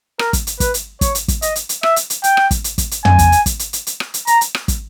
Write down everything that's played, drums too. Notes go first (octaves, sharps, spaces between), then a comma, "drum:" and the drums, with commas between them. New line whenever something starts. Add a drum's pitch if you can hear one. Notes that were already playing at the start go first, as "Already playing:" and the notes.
A#4, drum: rim click
drum: kick, hi-hat
drum: hi-hat
B4, drum: kick, hi-hat
drum: hi-hat
C#5, drum: kick, hi-hat
drum: hi-hat
drum: kick, hi-hat
D#5, drum: hi-hat
drum: hi-hat
drum: hi-hat
E5, drum: rim click
drum: hi-hat
drum: hi-hat
G5, drum: hi-hat
drum: rim click
drum: kick, hi-hat
drum: hi-hat
drum: kick, hi-hat
drum: hi-hat
G#5, drum: tom
drum: kick, hi-hat
drum: hi-hat
drum: kick, hi-hat
drum: hi-hat
drum: hi-hat
drum: hi-hat
drum: rim click
drum: hi-hat
A#5, drum: hi-hat
drum: hi-hat
drum: rim click
drum: kick, hi-hat